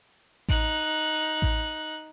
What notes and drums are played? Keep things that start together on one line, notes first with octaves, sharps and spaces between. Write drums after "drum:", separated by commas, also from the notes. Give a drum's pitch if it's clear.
D#4 F#6, drum: kick A1
drum: kick A1